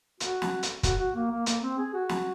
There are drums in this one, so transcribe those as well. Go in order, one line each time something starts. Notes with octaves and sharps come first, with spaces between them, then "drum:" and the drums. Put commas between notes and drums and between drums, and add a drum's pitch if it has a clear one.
F#4, drum: hi-hat
drum: snare
drum: hi-hat
F#4, drum: kick, hi-hat
F#4
A#3
A#3
A#3, drum: hi-hat
C4
G#4
F#4
drum: snare